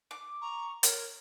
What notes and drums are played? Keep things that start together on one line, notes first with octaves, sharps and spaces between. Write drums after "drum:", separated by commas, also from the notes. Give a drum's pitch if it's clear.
D6
A#5 C#6
A#4 C#5, drum: hi-hat